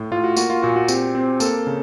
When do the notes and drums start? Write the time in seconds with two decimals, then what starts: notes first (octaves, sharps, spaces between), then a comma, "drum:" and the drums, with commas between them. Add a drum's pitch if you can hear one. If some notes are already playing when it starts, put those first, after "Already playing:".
Already playing: A2
0.11 A2 F4
0.24 F#4
0.37 A#3 F#4, drum: tambourine
0.50 F4
0.62 A#2 F#4
0.76 F#4
0.88 C4 G4, drum: tambourine
1.15 C4
1.40 A#3 A4, drum: tambourine
1.67 C#3